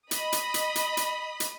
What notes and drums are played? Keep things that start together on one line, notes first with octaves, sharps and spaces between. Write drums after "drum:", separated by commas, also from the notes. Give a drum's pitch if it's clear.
D#5 B5 D#6, drum: hi-hat
drum: hi-hat
drum: hi-hat
drum: hi-hat
drum: hi-hat
drum: hi-hat